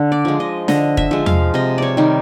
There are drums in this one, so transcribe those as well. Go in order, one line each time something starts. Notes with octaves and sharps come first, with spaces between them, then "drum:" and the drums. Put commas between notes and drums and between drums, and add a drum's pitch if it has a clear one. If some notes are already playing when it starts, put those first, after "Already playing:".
Already playing: D3
D5
F3 G#3
D#5
D3 D#5, drum: snare
E5, drum: kick
F3 G#3
F5, drum: tom E2
C3 D#5
C#5 D5
D#3 G3